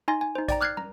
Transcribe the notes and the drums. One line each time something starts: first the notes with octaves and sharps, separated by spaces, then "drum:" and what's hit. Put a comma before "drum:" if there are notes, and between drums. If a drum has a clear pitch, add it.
D#4 G#5 C6 A#6
G#5
D#4 C5
D5 G5 A#5, drum: kick A#1, hi-hat
D6 F6 F#6 G#6 A6 C7
A#5, drum: tom